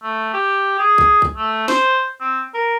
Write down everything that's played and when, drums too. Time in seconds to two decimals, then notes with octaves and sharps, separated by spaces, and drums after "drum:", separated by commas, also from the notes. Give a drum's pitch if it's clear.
0.03 A3
0.34 G4
0.79 G#4
0.98 drum: kick B1
1.22 drum: kick B1
1.37 A3
1.68 C5, drum: snare
2.20 C4
2.54 A#4